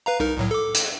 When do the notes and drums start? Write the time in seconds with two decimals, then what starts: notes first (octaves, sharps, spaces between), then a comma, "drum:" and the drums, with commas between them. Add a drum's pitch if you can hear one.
0.06 B4 F5 A#5
0.20 C2 D#4 A#4
0.38 C2 A2 F#3
0.51 A4 D6
0.74 drum: hi-hat